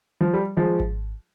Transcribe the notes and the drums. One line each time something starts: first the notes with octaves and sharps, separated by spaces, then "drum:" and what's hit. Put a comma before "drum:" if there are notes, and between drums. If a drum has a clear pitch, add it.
F3
G3
F3 G#3
drum: kick G#1